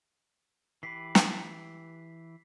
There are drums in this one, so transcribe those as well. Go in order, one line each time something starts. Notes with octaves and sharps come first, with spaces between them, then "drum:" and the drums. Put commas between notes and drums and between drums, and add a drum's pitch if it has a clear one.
E3 G4 B4 B6 C7
drum: snare